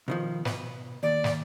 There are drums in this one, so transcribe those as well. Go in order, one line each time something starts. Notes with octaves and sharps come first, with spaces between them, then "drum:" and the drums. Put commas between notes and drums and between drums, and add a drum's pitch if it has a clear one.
B2 D#3 F3
B2 B4, drum: snare
D#2 D5
drum: snare